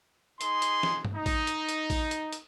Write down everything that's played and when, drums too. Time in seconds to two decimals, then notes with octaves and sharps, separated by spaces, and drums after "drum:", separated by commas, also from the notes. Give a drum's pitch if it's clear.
0.41 D#4 G#4 C6, drum: hi-hat
0.62 drum: hi-hat
0.83 drum: snare
1.05 drum: tom G2
1.15 D#4
1.26 drum: kick, open hi-hat
1.47 drum: hi-hat
1.69 drum: hi-hat
1.90 drum: kick, open hi-hat
2.11 drum: hi-hat
2.32 drum: hi-hat